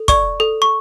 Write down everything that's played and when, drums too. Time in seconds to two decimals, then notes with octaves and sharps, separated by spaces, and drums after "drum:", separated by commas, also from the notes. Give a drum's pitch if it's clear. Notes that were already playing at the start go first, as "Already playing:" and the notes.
Already playing: A4
0.08 D5 C#6, drum: kick, hi-hat
0.40 A4
0.62 C#6